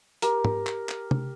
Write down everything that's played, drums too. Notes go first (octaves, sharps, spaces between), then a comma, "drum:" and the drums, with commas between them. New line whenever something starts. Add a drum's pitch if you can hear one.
G4 A#4, drum: hi-hat
drum: tom
drum: clap
drum: clap
drum: tom